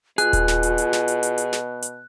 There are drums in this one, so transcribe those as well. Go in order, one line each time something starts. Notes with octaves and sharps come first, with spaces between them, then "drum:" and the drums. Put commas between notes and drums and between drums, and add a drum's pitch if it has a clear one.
B2 F4 G#4 F#6, drum: hi-hat
drum: kick D#1, hi-hat
drum: snare
drum: hi-hat
drum: hi-hat
drum: snare
drum: hi-hat
drum: hi-hat
drum: hi-hat
drum: snare
drum: hi-hat